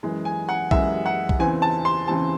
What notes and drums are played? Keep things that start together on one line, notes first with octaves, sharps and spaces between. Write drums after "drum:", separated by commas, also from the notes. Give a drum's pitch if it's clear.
F#2 E3 G#3
G#5
F#5
F#2 E3 G#3 E5, drum: kick B1
F#5
drum: kick B1
E2 C#3 E3 C4 G#5
A5
C6
E2 C#3 E3 C4 A5